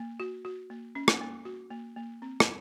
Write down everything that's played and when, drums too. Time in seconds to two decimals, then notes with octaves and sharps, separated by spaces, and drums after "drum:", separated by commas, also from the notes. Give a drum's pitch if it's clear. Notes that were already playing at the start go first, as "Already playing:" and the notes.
Already playing: A#3
0.20 F#4
0.45 F#4
0.70 A#3
0.95 C#4
1.08 drum: rim click
1.21 A#3
1.45 F#4
1.70 A#3
1.96 A#3
2.22 C4
2.40 drum: rim click